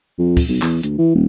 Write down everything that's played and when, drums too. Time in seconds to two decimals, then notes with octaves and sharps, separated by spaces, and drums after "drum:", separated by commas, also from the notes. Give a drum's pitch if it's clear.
0.18 F2
0.37 drum: kick, open hi-hat
0.48 B1
0.62 E2, drum: clap
0.83 D2, drum: hi-hat
0.98 E3
1.15 D#1